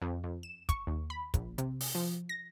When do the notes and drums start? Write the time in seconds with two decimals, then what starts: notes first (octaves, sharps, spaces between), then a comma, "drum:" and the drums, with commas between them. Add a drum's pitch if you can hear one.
0.02 F2
0.24 F2
0.43 E7
0.69 C#6, drum: kick, hi-hat
0.87 D#2
1.10 B5
1.34 A#1, drum: kick, hi-hat
1.58 C3, drum: hi-hat
1.80 drum: open hi-hat
1.95 F3
2.29 A#6